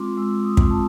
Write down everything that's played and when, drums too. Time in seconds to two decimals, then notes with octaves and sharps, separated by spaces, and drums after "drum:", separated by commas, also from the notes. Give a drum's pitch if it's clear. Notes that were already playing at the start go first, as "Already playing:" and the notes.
Already playing: G#3 C4 F4 C6 D6
0.17 G#3 E6
0.44 D#6
0.57 C4 F4, drum: kick
0.70 A5